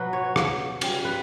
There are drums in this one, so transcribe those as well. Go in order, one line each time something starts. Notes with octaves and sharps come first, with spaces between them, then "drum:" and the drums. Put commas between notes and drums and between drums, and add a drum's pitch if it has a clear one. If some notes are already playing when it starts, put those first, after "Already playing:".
Already playing: B2 F#3 B4
C#5
drum: rim click
C#3 G3, drum: cymbal
B4